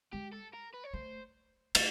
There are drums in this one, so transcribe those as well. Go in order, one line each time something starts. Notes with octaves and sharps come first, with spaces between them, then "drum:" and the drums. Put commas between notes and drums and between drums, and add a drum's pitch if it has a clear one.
G#3 G4
A4
A#4
B4
C#5
A3 C5
A3, drum: cymbal